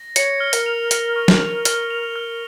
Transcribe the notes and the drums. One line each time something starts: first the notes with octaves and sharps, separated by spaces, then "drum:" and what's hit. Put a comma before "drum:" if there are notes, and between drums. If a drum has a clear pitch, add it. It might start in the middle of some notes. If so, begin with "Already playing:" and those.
Already playing: A#6
C#5 C#7, drum: hi-hat
F6
A#4, drum: hi-hat
F7
C#7, drum: hi-hat
C#6
drum: snare
F7
F6, drum: hi-hat
F7
F6